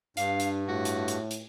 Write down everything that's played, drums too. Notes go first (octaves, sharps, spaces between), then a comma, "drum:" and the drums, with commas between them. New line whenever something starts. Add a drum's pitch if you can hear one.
G2 D4 F5, drum: hi-hat
drum: hi-hat
A2 F#4
drum: hi-hat
drum: hi-hat
drum: hi-hat